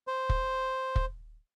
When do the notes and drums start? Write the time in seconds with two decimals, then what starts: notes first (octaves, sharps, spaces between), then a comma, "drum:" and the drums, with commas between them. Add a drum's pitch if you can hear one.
0.07 C5
0.29 drum: kick
0.96 drum: kick